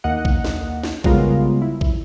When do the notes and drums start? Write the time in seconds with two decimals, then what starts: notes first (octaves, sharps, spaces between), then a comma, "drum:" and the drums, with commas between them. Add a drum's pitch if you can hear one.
0.04 D#2 A#3 D#5 F#5
0.25 drum: kick A#1
0.44 drum: snare
0.83 drum: snare
1.04 C#3 G3 G#3 B3 F4 A#4, drum: kick A#1
1.62 E4
1.81 drum: kick A#1